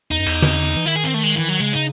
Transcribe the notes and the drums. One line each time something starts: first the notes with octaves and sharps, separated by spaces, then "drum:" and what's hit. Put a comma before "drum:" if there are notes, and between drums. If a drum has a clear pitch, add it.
E2 D#4
F#2
E2, drum: cymbal
drum: tom D3
E3
D#3 E4
G#4
C4
A3
G#3
E3
F#3
C#3 G#3, drum: open hi-hat
D#4